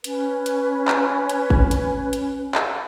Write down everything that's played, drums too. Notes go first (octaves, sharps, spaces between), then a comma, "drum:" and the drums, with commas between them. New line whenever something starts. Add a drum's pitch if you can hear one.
C#4 B4, drum: hi-hat
drum: hi-hat
drum: clap
drum: hi-hat
drum: kick G#1
drum: hi-hat
drum: hi-hat
drum: clap